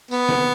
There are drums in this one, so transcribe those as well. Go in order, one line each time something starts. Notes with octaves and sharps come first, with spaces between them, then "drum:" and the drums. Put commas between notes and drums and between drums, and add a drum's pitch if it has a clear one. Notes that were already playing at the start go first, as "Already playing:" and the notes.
B3, drum: tambourine
drum: snare